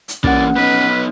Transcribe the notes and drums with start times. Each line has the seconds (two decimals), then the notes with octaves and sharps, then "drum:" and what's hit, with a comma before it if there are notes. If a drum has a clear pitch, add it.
0.08 drum: hi-hat
0.24 E3 A#3 C#4 D5 F#5, drum: kick
0.56 B3 D#4 B4